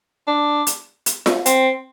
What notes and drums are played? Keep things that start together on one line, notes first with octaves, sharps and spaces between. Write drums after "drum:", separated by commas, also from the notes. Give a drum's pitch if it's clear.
D4
drum: hi-hat
drum: hi-hat
drum: snare F4
C4, drum: hi-hat